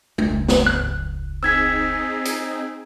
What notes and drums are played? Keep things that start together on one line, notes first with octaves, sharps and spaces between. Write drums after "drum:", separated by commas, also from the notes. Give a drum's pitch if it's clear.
E1 C#2, drum: tom G#3
drum: snare
F#6, drum: tom G2
C4 D#4 G#4 E6 G#6 B6
drum: hi-hat